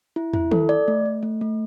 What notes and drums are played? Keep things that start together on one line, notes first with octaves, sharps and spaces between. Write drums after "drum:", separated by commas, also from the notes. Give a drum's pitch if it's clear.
E4
E4, drum: tom
A4, drum: tom D#3
D5
A3
A3
A3
A3